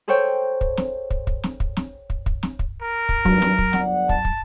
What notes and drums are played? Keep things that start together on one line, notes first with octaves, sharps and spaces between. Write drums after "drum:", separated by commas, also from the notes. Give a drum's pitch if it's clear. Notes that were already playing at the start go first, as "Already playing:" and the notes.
G#4 A4 C5 C#5 G5
drum: kick
drum: snare
drum: kick
drum: kick
drum: snare
drum: kick
drum: snare
drum: kick
drum: kick
drum: snare
drum: kick
A#4
drum: kick
G#1 G2 F#3, drum: kick
drum: snare
drum: kick
G1 D5 F#5, drum: snare
A5, drum: kick
drum: kick